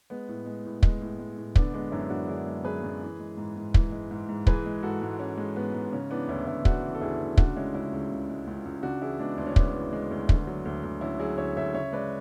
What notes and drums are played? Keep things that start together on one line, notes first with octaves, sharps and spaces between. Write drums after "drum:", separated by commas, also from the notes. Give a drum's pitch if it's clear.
G#3 B3
A2
G#3
A2
G#3, drum: kick
A2
G#3
A2
D3 B3 D4, drum: kick
G#3 B3 D4
F#2 C#4 E4
F#2 D4 F#4
D3 E4 G#4
G#3
F#2 G#4 B4
F#2
E3
G#3
G#2
G#2
E3, drum: kick
G#3
G#2
G#2
E3 G#4 B4, drum: kick
G#3
G#2 F#4 A4
G#2
E3 C#4
G#3
G#2 B3
G#2
C#3 C#4
E3 B3 D4
D2 C#4 E4
D2 C#4 E4
C#3 D4 F#4, drum: kick
E3
A4
D2 E4 G#4
D2
C#3 D4 F#4, drum: kick
G#3 C#4 E4
C#2 C#4 E4
C#2
C#3
G#3
C#2
C#2
C#3 D4 F#4
E3 E4 G#4
G#3 B3 D4
D2 B3 D4
C#4
C#3 B3 D4, drum: kick
E3
G#3
D2
D3, drum: kick
F#3
D2
D2
D3 C#4 E4
F#3 E4 G#4
D2 C#5 E5
D2 C#5 E5
C#3 C#5 E5
G#3 B4 D5